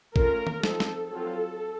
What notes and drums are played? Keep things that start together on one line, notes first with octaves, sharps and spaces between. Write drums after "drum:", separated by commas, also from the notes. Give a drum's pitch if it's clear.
A3 C#4 F4 A#4, drum: kick
drum: tom D#3
F3 C4 D#4 A4, drum: snare
drum: snare
F#3 C4 F4 A4